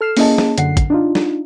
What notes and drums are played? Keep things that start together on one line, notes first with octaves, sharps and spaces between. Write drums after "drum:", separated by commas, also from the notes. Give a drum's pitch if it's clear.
A4 F6 C7 E7
A#3 C#4 E4 G#4 D#5 A5, drum: open hi-hat
drum: snare
F#2 D3 F#5 C7, drum: hi-hat
drum: kick, hi-hat
D4 D#4 F4
drum: snare